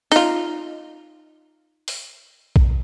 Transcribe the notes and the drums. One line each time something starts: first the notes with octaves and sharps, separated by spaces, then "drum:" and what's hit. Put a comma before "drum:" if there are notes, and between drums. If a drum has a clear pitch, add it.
D#4 F4, drum: open hi-hat
drum: open hi-hat
drum: kick